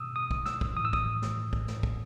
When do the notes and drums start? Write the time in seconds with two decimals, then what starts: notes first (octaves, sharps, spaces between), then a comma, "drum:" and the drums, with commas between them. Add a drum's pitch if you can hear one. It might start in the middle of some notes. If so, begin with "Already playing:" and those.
Already playing: B2 D#6 E6
0.16 D#6
0.31 drum: kick
0.46 E6, drum: snare
0.61 drum: kick
0.76 A2 E3 D#6
0.85 E6
0.93 D#6, drum: kick
1.22 drum: snare
1.53 drum: kick
1.68 drum: snare
1.83 drum: kick